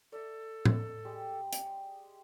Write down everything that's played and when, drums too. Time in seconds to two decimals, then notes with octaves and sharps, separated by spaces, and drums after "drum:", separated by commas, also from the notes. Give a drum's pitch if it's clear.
0.12 A4 D5 E5
0.65 drum: tom A2
1.05 G3 G#3 G4
1.53 drum: hi-hat